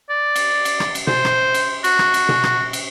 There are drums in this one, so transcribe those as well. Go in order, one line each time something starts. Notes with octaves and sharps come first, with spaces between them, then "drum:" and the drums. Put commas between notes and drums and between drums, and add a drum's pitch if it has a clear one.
D5
drum: cymbal
drum: cymbal
drum: rim click
drum: cymbal
C5, drum: tom B2
drum: rim click
drum: cymbal
F#4, drum: cymbal
drum: rim click
drum: cymbal
drum: tom B2
drum: rim click
drum: cymbal